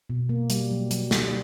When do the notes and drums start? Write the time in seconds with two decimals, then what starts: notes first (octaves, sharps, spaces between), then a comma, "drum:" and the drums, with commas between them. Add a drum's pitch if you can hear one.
0.10 B2
0.29 A#3
0.50 G3, drum: hi-hat
0.71 F#3
0.91 F#3, drum: hi-hat
1.11 G3, drum: snare